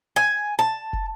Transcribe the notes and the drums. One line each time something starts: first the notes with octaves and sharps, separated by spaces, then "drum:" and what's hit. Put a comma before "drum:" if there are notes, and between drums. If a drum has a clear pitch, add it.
G#5
A5
drum: kick